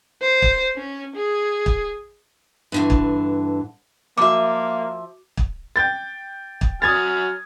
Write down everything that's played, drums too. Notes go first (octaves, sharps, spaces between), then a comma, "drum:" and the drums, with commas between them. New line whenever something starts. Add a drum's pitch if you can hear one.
C5
drum: kick
C#4
G#4
drum: kick
G2 D3 E3
drum: kick
F3 A#3 F#4 E5 D6
drum: kick
G5 G6 A6
drum: kick
F#3 G#5 D#6 F6 G#6 A6